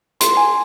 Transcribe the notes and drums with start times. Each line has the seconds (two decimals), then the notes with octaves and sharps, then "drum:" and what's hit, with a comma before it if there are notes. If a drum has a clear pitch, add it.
0.21 C6, drum: hi-hat
0.37 G#5